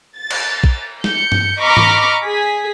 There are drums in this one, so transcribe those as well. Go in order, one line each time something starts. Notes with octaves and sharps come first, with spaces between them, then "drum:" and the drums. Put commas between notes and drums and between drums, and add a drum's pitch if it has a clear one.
A6
drum: cymbal
drum: kick
G6 C#7, drum: snare
drum: tom G2
D#5 A#5 B5 C#6 D6 F6
drum: tom G#2
G#4 B6